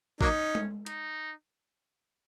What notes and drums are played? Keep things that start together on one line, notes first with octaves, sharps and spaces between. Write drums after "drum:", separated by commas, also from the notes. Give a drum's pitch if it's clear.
F#3 A#3 C#4 D#4, drum: kick A#1
drum: tom G#3
D#4, drum: hi-hat